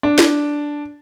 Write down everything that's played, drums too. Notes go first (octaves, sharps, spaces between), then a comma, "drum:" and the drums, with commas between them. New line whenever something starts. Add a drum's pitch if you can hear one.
D4
drum: snare